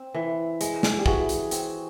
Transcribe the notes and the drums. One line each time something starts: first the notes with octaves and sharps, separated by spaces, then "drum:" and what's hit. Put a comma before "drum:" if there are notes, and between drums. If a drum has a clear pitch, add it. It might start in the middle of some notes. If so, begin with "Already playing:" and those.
Already playing: C4
E3
G#3, drum: hi-hat
drum: snare
G4
E3 F#4 G#4, drum: kick
drum: hi-hat
C4, drum: hi-hat